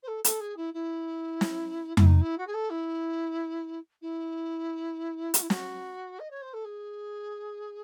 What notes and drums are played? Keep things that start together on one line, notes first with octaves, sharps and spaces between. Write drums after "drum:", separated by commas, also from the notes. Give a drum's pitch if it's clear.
C5
A4
A4, drum: hi-hat
G#4
E4
E4
drum: snare
E4, drum: tom F2
D#4
E4
F#4
G#4
A4
E4
E4
F#4, drum: hi-hat
E4
F#4, drum: snare
D#5
C#5
C5
A4
G#4